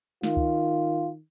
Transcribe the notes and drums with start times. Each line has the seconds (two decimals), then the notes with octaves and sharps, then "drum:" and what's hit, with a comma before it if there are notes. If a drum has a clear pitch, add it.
0.23 D#3 F4, drum: snare
0.37 drum: kick C#2